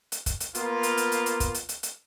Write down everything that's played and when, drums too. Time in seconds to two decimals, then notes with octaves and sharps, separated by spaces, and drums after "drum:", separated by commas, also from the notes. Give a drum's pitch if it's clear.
0.12 drum: hi-hat
0.26 drum: kick, hi-hat
0.40 drum: hi-hat
0.55 A#3 B3 F4, drum: hi-hat
0.83 drum: hi-hat
0.98 drum: hi-hat
1.12 drum: hi-hat
1.26 drum: hi-hat
1.40 drum: kick, hi-hat
1.55 drum: hi-hat
1.69 drum: hi-hat
1.83 drum: hi-hat